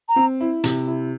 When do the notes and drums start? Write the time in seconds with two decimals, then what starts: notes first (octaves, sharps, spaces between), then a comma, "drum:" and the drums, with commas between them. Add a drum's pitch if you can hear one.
0.09 A#5
0.16 C4
0.41 E4
0.64 C3, drum: hi-hat
0.87 E4